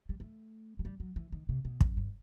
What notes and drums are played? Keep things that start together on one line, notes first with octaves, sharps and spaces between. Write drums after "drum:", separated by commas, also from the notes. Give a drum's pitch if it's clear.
G3
A3
F#3
G3
F#3
E3
D#3
C3
B2
F#2, drum: kick
G2